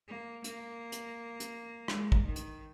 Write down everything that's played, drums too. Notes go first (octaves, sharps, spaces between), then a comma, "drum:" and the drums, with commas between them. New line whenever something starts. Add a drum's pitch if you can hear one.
A#3
A#3, drum: hi-hat
drum: hi-hat
drum: hi-hat
G#3, drum: rim click
drum: kick
D#3
drum: hi-hat